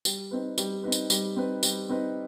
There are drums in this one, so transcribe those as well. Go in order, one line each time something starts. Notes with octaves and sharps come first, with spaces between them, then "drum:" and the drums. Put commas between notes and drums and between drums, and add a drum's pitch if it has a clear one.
G3, drum: tambourine
C4 D#4 B4
G3, drum: tambourine
C4 D#4 B4
drum: tambourine
G3, drum: tambourine
C4 D#4 B4
G3, drum: tambourine
C4 D#4 B4